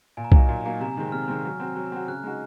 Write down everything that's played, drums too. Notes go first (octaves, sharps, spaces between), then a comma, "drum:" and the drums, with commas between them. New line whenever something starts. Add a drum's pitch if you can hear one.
A#2 G#5
A#5
F#3 A#3 D#4 G#5, drum: kick B1
A#2
F#3 A#3 D#4
C3 A#5
D#3 G#3 C4
C3 F6
D#3 G#3 C4
F#3
C4 F#4
F#3
C4 F#4
C#3 F#6
G#3 D#4 F#4